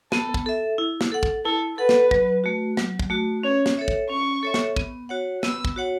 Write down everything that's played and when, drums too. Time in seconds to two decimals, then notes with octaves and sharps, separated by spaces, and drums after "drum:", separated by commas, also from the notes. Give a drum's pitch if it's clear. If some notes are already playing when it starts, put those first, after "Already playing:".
0.12 B3 A4, drum: snare
0.34 drum: kick
0.46 A4 E5
0.78 E4
1.01 drum: snare
1.12 A4 F#5
1.23 drum: kick
1.45 E4 A4
1.78 A4 B4 F#5
1.89 drum: snare
2.11 F#3, drum: kick
2.44 A3 F#4
2.77 F#3, drum: snare
2.99 drum: kick
3.10 A3 F#4
3.43 C#4 C#5
3.66 drum: snare
3.77 A4 C#5 E5
3.88 drum: kick
4.09 C#4 C#6
4.43 A4 C#5 E5
4.54 drum: snare
4.76 B3, drum: kick
5.09 F#4 C#5 F#5
5.43 B3 E6, drum: snare
5.65 drum: kick
5.76 F#4 C#5 F#5